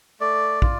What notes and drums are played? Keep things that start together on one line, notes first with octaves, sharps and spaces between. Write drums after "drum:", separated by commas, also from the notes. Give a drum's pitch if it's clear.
A3 D5
F4, drum: kick